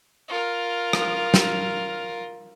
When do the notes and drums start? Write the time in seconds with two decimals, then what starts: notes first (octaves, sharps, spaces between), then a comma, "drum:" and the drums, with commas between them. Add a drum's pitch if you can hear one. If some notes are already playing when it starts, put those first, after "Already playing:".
0.28 F4 A#4
0.93 drum: rim click
1.34 drum: snare